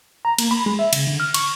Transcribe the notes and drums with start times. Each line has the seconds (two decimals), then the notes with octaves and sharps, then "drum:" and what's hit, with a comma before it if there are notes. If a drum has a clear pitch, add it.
0.25 A#5
0.39 A#3, drum: cymbal
0.51 B5
0.66 G#3
0.79 E5
0.93 C#3, drum: cymbal
1.07 D3
1.20 F6
1.34 C#6, drum: cymbal